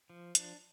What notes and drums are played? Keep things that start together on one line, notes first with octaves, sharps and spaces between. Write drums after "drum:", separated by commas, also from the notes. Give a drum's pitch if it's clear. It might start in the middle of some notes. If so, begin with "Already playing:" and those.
F3
D4, drum: hi-hat